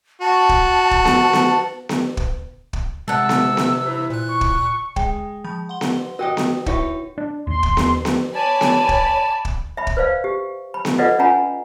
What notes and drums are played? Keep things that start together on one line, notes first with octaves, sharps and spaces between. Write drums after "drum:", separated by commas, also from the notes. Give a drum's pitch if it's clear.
F#4 A5
drum: kick
drum: kick
drum: snare B3
drum: snare B3
drum: snare B3
drum: kick
drum: kick
C3 G#3 C4 D5 F#5 A5 E6
drum: snare B3
drum: snare B3
E4 B4 C5
A#2 F#6
C#6
drum: kick
G#3 G5, drum: kick
F3 B5 G6
F#5 C6 G7
drum: snare B3
F#4 G4 A#4 D#5 G5
drum: snare B3
D#4 E4 F#4 B4 C#5 E5 F#5, drum: kick
D4
D#2 C6
drum: kick
drum: snare B3
drum: snare B3
C#5 D5 G#5 A5 B5
drum: snare B3
drum: kick
drum: kick
E5 B5
drum: kick
B4 C5 D5 F5
G4
B5
drum: snare B3
F4 A4 B4 D5 D#5 F#5
C#4 F4 F#5 G#5 A#5 B5